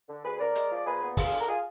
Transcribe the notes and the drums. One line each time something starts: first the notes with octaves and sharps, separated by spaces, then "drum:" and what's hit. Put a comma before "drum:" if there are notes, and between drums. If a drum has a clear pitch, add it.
D3
D2 G#4 B4
D2 A#4 D5
G#3, drum: hi-hat
F3
D5
A#2 G#4 B4
B3
G#3 F4 G#4, drum: kick, open hi-hat
D3
A#4
F4 G#4